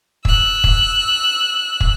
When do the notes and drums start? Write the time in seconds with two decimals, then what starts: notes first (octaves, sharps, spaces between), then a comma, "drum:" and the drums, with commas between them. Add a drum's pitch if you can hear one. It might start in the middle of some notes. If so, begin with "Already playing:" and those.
0.25 E6 F#6, drum: kick
0.64 drum: kick
1.81 drum: kick